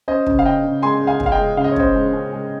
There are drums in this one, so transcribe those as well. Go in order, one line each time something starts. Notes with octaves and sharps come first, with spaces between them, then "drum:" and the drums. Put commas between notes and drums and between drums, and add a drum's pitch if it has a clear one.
C#4 C5 D#5
C#3, drum: kick
F5
C#4 D#5 G5
C#3
G#3 G#5 C6
G#3
F5 G#5
C#4, drum: kick
F5
D#5 G5
G#3
C#3 F5
D#5
C#5
C#3 C5 D#5, drum: kick
G#3
C#4
G#3